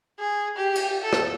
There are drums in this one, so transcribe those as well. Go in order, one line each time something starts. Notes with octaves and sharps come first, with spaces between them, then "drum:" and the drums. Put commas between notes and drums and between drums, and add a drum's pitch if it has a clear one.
G#4
G4
drum: cymbal
A4
drum: rim click